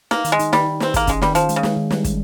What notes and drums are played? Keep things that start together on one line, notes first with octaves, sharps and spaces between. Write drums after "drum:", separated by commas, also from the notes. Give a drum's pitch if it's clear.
A#3 D#4, drum: snare
D#3, drum: hi-hat
G#3
D#4, drum: hi-hat
D#3 G3, drum: snare
D#4
C4 D#4, drum: snare
A#3 G#4, drum: kick, hi-hat
G#3 C#4, drum: kick, hi-hat
D#3 G3, drum: snare
D#3 F3, drum: hi-hat
G#3, drum: hi-hat
C#3
G#3, drum: snare
D#3
G3, drum: snare
D#3, drum: kick, hi-hat